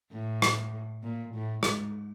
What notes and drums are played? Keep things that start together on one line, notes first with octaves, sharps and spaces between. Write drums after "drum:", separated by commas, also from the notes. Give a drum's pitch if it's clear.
A2
drum: rim click
A#2
A2
G#2, drum: rim click